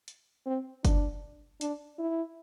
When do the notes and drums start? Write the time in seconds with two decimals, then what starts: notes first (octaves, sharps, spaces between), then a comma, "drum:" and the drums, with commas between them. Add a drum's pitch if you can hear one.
0.08 drum: hi-hat
0.46 C4
0.85 D4, drum: kick F#1, hi-hat
1.61 D4, drum: hi-hat
1.99 E4